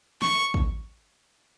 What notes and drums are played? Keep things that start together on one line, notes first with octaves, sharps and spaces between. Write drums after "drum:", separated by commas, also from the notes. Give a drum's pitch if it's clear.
C#6, drum: snare
drum: kick